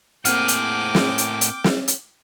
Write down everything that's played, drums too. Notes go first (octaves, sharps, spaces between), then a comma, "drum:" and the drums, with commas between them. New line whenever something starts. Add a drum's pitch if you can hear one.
A2 A#3 C4 G#4 F#5 G5 D6 F6, drum: hi-hat
drum: hi-hat
drum: snare
drum: hi-hat
drum: hi-hat
drum: snare
drum: hi-hat